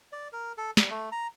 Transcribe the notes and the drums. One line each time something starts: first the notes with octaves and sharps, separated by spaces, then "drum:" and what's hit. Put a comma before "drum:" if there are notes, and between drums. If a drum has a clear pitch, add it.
D5
A#4
A4
G3, drum: snare
A3
A#5